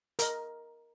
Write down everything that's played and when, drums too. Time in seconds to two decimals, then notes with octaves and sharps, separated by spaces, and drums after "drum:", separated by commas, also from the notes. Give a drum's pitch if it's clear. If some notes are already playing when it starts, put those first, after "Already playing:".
0.19 A#4 D#5, drum: hi-hat